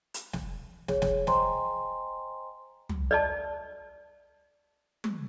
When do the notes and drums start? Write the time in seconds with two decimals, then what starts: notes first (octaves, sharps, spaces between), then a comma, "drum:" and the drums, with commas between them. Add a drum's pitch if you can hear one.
0.14 drum: hi-hat
0.33 drum: snare
0.88 G#4 C#5, drum: snare
1.02 drum: snare
1.27 C5 D#5 G5 G#5 A#5 C6, drum: snare
2.89 drum: tom
3.11 D5 D#5 A5
5.04 drum: tom